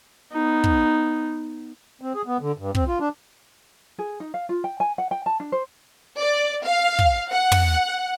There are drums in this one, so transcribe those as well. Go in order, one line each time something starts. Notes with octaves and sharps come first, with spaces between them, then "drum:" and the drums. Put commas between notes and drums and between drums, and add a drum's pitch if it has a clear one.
B3 D#4
drum: kick
C4
G#4
B3
D3
G2
C4, drum: kick
F4
D4
G#4
D#4
F5
F4
G5
G#5
F#5
G5
A5
D4
C5
D5
F5
drum: kick
F#5
drum: tom